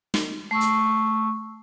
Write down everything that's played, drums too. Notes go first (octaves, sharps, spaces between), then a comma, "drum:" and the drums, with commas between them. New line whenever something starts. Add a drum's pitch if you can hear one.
drum: snare
A3 C#6 E6
drum: hi-hat